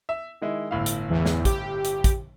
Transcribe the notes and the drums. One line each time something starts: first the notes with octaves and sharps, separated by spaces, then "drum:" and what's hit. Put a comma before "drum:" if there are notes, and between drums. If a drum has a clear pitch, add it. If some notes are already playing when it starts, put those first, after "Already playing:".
E5
D#3 G#3 E4
G1 A2 F5
drum: hi-hat
E2
drum: snare
G4, drum: kick, hi-hat
drum: hi-hat
drum: kick, hi-hat